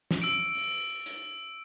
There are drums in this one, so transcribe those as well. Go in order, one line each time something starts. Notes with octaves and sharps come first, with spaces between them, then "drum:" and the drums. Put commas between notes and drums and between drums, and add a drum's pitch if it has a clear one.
drum: snare
E6 D7
drum: open hi-hat
drum: hi-hat